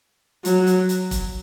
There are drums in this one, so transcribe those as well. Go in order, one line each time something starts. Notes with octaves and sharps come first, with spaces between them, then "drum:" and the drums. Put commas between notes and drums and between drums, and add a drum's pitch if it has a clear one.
F#3, drum: hi-hat
drum: hi-hat
drum: hi-hat
drum: kick, hi-hat